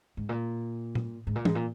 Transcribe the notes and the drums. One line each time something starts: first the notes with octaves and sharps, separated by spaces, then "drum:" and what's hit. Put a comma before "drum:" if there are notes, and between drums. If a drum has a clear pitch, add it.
G#2
A#2
drum: tom A#2
G#2
A#2
G#2, drum: tom E3
A#2